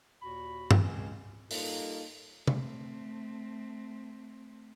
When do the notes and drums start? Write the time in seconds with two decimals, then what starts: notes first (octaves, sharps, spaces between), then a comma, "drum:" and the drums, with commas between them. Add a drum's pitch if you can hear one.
0.22 D#2 A#2 F#4 B5
0.71 drum: tom
0.83 C#2 C#3 G#3 C4 C#4
1.51 G3 A#3 D#4 F4 A4, drum: open hi-hat
2.47 A3 C4, drum: tom